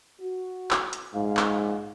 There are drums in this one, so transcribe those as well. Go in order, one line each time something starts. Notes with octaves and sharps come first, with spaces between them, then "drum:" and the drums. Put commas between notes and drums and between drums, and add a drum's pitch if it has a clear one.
F#4
drum: clap
drum: hi-hat
A#1 G#2 F5
drum: clap